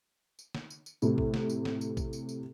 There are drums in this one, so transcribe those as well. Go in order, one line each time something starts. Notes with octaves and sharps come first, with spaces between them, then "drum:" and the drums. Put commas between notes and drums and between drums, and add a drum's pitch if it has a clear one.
drum: tambourine
drum: snare
drum: tambourine
drum: tambourine
A2 C3, drum: tambourine
drum: kick
drum: snare
drum: tambourine
drum: snare
drum: tambourine
drum: kick, tambourine
drum: tambourine
drum: tambourine